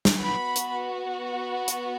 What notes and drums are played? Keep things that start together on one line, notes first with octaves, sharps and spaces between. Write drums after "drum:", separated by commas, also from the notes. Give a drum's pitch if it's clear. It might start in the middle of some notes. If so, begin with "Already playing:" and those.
drum: snare
B3 F#4 B5
drum: hi-hat
drum: hi-hat